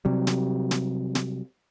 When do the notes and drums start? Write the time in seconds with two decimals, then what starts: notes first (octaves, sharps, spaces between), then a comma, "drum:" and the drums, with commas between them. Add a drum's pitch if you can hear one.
0.05 C3 F#3 G3
0.27 drum: snare
0.71 drum: snare
1.15 drum: snare